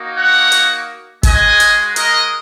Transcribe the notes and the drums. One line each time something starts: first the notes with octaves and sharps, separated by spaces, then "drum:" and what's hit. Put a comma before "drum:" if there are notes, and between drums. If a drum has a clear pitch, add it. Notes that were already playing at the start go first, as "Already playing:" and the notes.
Already playing: A#3 D#4 F#4
C#5 F#5
drum: hi-hat
G#3 F#4 D#5 G#5, drum: kick, hi-hat
drum: hi-hat
A#4 D#5, drum: hi-hat